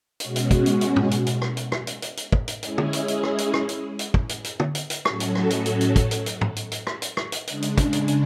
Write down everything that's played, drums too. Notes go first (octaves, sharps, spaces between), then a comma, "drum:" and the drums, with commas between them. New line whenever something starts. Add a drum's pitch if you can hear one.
B2 G#3 C#4 F#4, drum: hi-hat
drum: hi-hat
drum: kick, hi-hat
drum: hi-hat
drum: hi-hat
drum: tom G#2
drum: hi-hat
drum: hi-hat
drum: rim click
drum: hi-hat
drum: rim click
drum: hi-hat
drum: hi-hat
drum: hi-hat
drum: kick
drum: hi-hat
G#3 C#4 E4 G#4, drum: hi-hat
drum: tom
drum: hi-hat
drum: hi-hat
drum: rim click
drum: hi-hat
drum: rim click
drum: hi-hat
drum: hi-hat
drum: kick
drum: hi-hat
drum: hi-hat
drum: tom
drum: hi-hat
drum: hi-hat
A2 F#3 C#4 F#4 A4, drum: rim click
drum: hi-hat
drum: rim click
drum: hi-hat
drum: hi-hat
drum: hi-hat
drum: kick, hi-hat
drum: hi-hat
drum: hi-hat
drum: tom G#2
drum: hi-hat
drum: hi-hat
drum: rim click
drum: hi-hat
drum: rim click
drum: hi-hat
C#3 G#3 D4, drum: hi-hat
drum: hi-hat
drum: kick, hi-hat
drum: hi-hat
drum: hi-hat